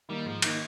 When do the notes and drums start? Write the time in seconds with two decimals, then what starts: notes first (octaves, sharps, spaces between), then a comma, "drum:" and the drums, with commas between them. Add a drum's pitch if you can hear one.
0.09 D#3 G3 A#3 D#4
0.26 G#2 F3
0.42 D#3 A#3 D#4, drum: cymbal